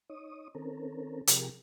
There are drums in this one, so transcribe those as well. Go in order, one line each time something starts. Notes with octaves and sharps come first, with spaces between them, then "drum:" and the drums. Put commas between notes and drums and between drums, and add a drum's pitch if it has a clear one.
D#4 C#5 D#6
D#3 C4 C#4 A4 A#4
C3 F3 G4 G#4 A#4, drum: hi-hat